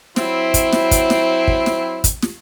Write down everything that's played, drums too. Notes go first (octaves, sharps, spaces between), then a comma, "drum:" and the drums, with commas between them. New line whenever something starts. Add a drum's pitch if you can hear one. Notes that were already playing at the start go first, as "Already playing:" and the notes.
F#3 C4 E4, drum: snare
drum: kick, hi-hat
drum: snare
drum: kick, hi-hat
drum: snare
drum: kick
drum: snare
drum: kick, hi-hat
drum: snare